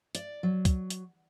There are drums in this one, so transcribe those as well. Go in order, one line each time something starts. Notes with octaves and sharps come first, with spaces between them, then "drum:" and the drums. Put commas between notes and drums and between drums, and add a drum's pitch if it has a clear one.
D5, drum: hi-hat
F#3
drum: kick, hi-hat
drum: hi-hat